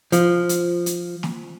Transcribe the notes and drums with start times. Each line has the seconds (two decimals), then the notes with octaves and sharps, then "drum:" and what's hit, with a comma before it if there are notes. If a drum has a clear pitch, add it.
0.12 F3, drum: hi-hat
0.49 drum: hi-hat
0.86 drum: hi-hat
1.23 drum: snare